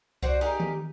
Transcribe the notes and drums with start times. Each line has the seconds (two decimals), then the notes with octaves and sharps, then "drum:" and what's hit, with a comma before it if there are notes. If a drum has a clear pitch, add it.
0.23 F#4 C5 D5, drum: kick C2
0.41 D#4 G4 G#4 A#4
0.60 drum: tom D#3